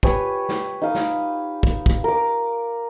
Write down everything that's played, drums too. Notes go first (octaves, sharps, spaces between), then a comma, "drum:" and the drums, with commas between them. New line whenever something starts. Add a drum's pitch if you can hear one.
G4 B4 C#5 G#5, drum: kick
drum: snare
D#4 F5 D#6
drum: snare
drum: kick
drum: kick
A#4 D6